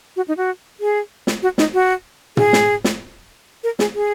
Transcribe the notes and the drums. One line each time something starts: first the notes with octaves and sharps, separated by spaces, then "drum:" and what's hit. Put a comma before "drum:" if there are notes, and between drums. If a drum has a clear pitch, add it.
F#4
D#4
F#4
G#4
drum: snare
F#4
D#4, drum: snare
F#4
G#4, drum: tom
drum: snare
drum: snare
A#4
G#4, drum: snare
G#4